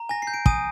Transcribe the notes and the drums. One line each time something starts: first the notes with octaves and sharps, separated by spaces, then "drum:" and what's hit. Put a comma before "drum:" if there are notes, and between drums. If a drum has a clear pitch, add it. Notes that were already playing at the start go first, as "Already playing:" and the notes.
Already playing: A#5
G#5 A#6
G6 C7
D7
G#5 D#6 D#7, drum: kick